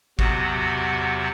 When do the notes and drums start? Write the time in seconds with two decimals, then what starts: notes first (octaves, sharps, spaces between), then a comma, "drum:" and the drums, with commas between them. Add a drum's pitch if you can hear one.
0.19 E2 C3 F#3 B3 F#4 F#5, drum: kick A1